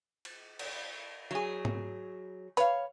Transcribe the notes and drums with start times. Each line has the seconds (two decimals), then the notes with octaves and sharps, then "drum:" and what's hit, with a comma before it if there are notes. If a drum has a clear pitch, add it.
0.25 drum: cymbal
0.59 drum: cymbal
1.31 F#3 G#4
1.65 drum: tom G#2
2.57 B4 C#5 F5, drum: hi-hat